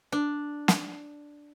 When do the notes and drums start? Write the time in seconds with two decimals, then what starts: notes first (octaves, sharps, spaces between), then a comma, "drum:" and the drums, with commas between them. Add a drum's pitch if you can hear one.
0.12 D4
0.68 drum: snare